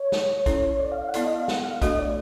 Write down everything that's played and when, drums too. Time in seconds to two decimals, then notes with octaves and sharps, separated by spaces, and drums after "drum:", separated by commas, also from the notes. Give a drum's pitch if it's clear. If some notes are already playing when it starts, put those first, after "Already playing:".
Already playing: C#5
0.12 drum: snare
0.46 C#4 E4 A4, drum: kick, hi-hat
0.79 D5
0.92 F5
1.02 F5
1.09 F#5
1.14 B3 E4 A4 D5 F5, drum: hi-hat
1.24 D#5
1.36 F5
1.48 F#5, drum: snare
1.59 F#5
1.65 F5
1.82 A3 D4 F#4 A4 D#5, drum: kick, hi-hat
1.99 D5